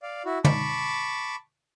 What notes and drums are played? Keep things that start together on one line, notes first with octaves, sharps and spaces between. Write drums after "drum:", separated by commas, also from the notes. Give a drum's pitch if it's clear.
D5 F5
E4 F#4
A5 B5 C#6 D6, drum: tom